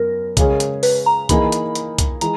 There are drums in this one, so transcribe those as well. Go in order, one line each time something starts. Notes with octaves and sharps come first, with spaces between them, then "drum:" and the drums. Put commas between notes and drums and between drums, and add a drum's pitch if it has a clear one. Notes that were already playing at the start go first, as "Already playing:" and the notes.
Already playing: F#2 B3 A#4
C#3 G#3 C#4 G#4, drum: kick C2, hi-hat
drum: hi-hat
B4, drum: open hi-hat
A#5
E3 A#3 D#4 G#4 B5, drum: kick C2, hi-hat
drum: hi-hat
drum: hi-hat
drum: kick C2, hi-hat
E3 G#3 A#5, drum: hi-hat